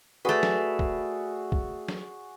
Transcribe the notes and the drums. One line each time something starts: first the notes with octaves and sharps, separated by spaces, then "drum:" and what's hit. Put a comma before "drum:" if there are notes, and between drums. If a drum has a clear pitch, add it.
A3 F#4 G#4 B4 D5
drum: snare
drum: kick
drum: kick
drum: snare